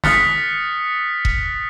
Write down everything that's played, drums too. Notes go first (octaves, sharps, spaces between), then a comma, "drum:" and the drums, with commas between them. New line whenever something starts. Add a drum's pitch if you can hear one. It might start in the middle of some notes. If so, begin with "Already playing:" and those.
D#6 F6 F#6 A6 B6 C#7, drum: snare
drum: kick E1